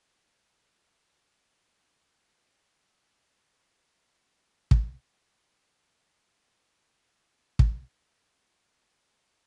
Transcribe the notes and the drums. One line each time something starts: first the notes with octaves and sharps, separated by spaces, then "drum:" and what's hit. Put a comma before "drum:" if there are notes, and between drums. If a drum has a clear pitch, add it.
C#4 A5
B4 F5
A2 C#5 G#6
C#3 F4 F#7
drum: kick
D5
F#5 G#5
D#5
C3
A#3
drum: kick
D2 G3 B3 E4